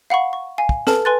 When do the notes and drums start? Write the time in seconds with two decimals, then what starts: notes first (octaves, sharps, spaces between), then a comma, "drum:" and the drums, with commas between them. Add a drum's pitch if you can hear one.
0.10 F5 F#5 B5 C#6
0.33 C#6
0.58 F5 G#5
0.69 drum: kick
0.87 A4 B4 A5 F6, drum: snare
1.05 B4 G#5 C6 F#6 A6